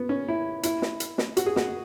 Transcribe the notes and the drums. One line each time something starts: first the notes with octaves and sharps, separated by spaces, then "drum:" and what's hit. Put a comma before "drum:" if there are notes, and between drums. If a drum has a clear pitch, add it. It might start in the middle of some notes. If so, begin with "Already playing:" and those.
Already playing: B3
C#4
E4
E4, drum: hi-hat
drum: snare
drum: hi-hat
drum: snare
F#4, drum: hi-hat
G#4
F#4, drum: snare